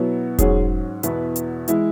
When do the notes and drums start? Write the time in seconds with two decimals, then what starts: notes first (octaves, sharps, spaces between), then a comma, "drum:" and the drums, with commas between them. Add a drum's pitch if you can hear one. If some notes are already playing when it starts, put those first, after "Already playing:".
Already playing: B2 F#3 B3 E4
0.38 G#2 F#3 C#4 G#4, drum: kick E1, hi-hat
1.03 E2 B2 B3 E4 B4, drum: hi-hat
1.36 drum: hi-hat
1.68 E3 G#3 E4, drum: hi-hat